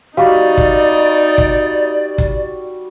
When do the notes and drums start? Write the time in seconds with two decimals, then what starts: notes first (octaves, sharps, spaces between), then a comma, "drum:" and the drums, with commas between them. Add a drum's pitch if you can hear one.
0.17 G3 D#4 F#4 D5 F5
0.58 drum: kick
1.38 drum: kick
2.18 drum: kick